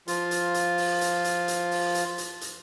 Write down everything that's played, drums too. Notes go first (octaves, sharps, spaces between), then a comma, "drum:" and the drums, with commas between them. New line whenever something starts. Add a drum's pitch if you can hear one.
F3 F4, drum: hi-hat
drum: hi-hat
drum: hi-hat
drum: open hi-hat
drum: hi-hat
drum: hi-hat
drum: hi-hat
drum: open hi-hat
drum: hi-hat
drum: hi-hat
drum: hi-hat